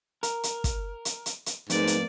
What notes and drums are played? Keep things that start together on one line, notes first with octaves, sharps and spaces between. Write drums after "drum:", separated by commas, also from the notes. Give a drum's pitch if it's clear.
A#4, drum: hi-hat
drum: hi-hat
drum: kick, hi-hat
drum: hi-hat
drum: hi-hat
drum: hi-hat
F2 G#2 A3 A#3 B4 D5, drum: hi-hat
drum: hi-hat